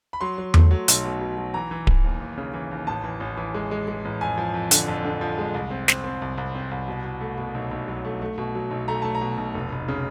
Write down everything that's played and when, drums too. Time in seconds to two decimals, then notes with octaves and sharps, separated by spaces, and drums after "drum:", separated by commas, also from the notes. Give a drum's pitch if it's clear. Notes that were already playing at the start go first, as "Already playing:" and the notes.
0.13 B5
0.21 F#3 C6
0.38 F#3
0.54 A3, drum: tom E2
0.71 F#3
0.88 B1, drum: hi-hat
1.04 B2
1.21 B2
1.38 F#3
1.54 E3 A#5
1.71 E3
1.87 E3, drum: kick D1
2.04 D#2
2.21 D#2
2.38 C#3
2.54 E3
2.71 D#2
2.87 A1 A5
3.04 E3
3.20 A1
3.37 E3
3.54 G#3
3.71 G#3
3.88 G#3
4.05 A1
4.21 F2 G#5
4.38 F3
4.54 F2
4.71 D3, drum: hi-hat
4.88 F2
5.05 D3
5.21 F3
5.38 G#3
5.54 C2
5.71 C4
5.88 C4, drum: snare
6.04 C4
6.22 C2
6.38 C2
6.55 C4
6.71 C2
6.88 B2
7.04 B2
7.21 A3
7.38 B2
7.55 B1
7.71 B1
7.88 F#3
8.05 A3
8.22 A3
8.38 B2
8.55 F#3
8.71 B1
8.88 A3 A#5
9.02 A3 A5
9.15 A#5
9.21 B2
9.38 B1
9.54 F1
9.72 F1
9.88 C#3